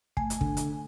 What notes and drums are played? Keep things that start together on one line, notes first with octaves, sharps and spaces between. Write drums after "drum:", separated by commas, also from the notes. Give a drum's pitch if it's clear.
A3 G#5, drum: kick
drum: hi-hat
D3, drum: kick
drum: hi-hat